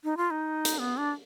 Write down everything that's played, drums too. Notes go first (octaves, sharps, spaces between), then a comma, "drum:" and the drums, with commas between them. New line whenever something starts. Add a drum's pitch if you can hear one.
D#4
F4
D#4
drum: hi-hat
B3
D4